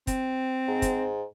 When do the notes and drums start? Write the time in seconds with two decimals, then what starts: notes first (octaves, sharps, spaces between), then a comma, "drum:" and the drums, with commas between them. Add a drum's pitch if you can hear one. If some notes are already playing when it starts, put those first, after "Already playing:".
0.07 C4, drum: kick, hi-hat
0.67 G#2
0.82 drum: kick, hi-hat